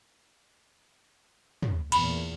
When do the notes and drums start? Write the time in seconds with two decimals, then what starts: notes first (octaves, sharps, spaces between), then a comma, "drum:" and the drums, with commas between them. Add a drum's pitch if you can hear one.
1.62 drum: tom
1.92 E2 A#2 B5, drum: cymbal